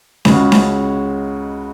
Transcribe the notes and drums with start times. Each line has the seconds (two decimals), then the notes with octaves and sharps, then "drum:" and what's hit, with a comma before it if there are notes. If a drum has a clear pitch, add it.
0.25 C#2 C#3 G#3 C#4 F#4, drum: snare C#4
0.52 drum: snare C#4